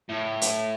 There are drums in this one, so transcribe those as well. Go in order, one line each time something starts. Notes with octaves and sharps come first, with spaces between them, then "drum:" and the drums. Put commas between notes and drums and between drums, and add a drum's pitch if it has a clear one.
A2
drum: hi-hat